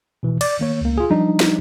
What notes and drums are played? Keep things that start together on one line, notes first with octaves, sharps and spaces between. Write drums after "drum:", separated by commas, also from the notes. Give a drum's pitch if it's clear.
B2 E3
D5, drum: cymbal
D#3 A#3 C#5
C#2 A#3
F4 G#4
F3 G3 D4 D#4
drum: snare